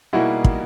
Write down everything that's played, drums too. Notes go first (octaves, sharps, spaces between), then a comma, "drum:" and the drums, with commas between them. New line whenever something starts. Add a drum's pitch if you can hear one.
B2 G3 A#3 D#4 E4 F#4 G#4
drum: kick